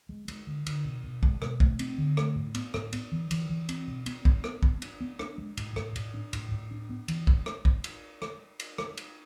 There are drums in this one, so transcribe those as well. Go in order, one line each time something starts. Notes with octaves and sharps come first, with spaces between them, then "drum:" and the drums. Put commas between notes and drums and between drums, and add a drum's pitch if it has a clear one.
G#3
G#3, drum: cymbal
D3
D3, drum: cymbal
B2
B2
G#3, drum: kick
B2, drum: rim click
A3, drum: kick
C4, drum: cymbal
D3
A3, drum: rim click
A2
B3, drum: cymbal
A2, drum: rim click
B3, drum: cymbal
E3
E3, drum: cymbal
E3
C4, drum: cymbal
B2
B3, drum: cymbal
B3, drum: kick
B3, drum: rim click
B3, drum: kick
D4, drum: cymbal
B3
D4, drum: rim click
G#3
A2, drum: cymbal
A2, drum: rim click
A2, drum: cymbal
D4
A2, drum: cymbal
A2
D4
B3
E3, drum: cymbal
drum: kick
drum: rim click
drum: kick
drum: cymbal
drum: rim click
drum: cymbal
drum: rim click
drum: cymbal